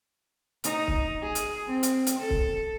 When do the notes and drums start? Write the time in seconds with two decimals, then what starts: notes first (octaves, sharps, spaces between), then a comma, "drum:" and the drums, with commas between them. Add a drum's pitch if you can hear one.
0.64 D#4, drum: hi-hat
0.88 drum: kick C#1
1.22 G#4
1.35 drum: hi-hat
1.67 C4
1.83 drum: hi-hat
2.07 drum: hi-hat
2.19 A4
2.30 drum: kick C#1